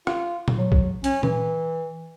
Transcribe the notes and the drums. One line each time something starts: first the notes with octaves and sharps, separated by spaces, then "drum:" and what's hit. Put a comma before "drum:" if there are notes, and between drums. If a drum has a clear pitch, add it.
F4, drum: rim click
drum: tom A#2
F#3
drum: kick A#1
C#4, drum: hi-hat
E3, drum: tom A#2